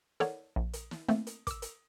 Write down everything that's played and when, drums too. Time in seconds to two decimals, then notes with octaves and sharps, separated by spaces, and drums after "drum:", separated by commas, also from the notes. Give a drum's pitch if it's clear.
0.20 A4 A#4 C#5 D5 F#5, drum: snare
0.56 A#1
0.73 drum: hi-hat
0.91 drum: snare
1.08 A3 A#3 C4, drum: snare
1.27 drum: hi-hat
1.47 D6 E6, drum: kick, hi-hat
1.62 drum: hi-hat